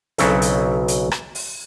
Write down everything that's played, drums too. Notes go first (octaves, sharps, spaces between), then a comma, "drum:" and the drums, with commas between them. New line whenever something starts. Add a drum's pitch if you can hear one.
B1 C#3 F#3 C4 E4 A4, drum: hi-hat
drum: hi-hat
drum: hi-hat
drum: rim click
drum: open hi-hat